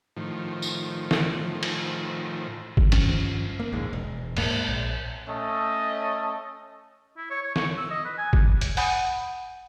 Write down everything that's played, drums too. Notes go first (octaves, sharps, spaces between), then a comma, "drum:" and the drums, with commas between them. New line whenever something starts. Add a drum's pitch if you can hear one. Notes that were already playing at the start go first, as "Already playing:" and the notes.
A2 D#3 F3
drum: tambourine
drum: snare
drum: cymbal
drum: kick
G2 D#3 F3 C#4, drum: cymbal
A#3
A#1 D#2 G#2
E1
D#1 G#2 A#3, drum: cymbal
A#1
A3 C#4 D#5 A5
E4
C#5
C#5
C#6, drum: snare
E6
D#5
B4
G#5
D4, drum: kick
drum: hi-hat
F#5 G#5 B5 D#6 G6 D#7, drum: open hi-hat